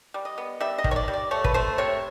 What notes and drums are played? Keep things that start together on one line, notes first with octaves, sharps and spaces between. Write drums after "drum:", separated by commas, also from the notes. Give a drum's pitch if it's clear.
G3
D#5
B3
G3 E5
D#5
D#3, drum: kick
C#5
D5
G3
D5
A3 C#5
B4, drum: kick
A3 C5
C3 C#5